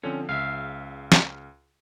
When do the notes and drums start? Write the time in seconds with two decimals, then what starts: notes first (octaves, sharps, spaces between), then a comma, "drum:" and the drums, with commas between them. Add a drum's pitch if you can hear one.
0.03 D3 F3 C4 C#4
0.29 C#2 C#3 E5 F5
1.12 drum: snare